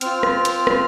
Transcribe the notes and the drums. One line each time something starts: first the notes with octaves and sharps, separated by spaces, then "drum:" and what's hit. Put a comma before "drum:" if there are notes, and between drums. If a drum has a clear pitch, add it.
C4 F4 F6, drum: hi-hat
drum: rim click
drum: hi-hat
drum: rim click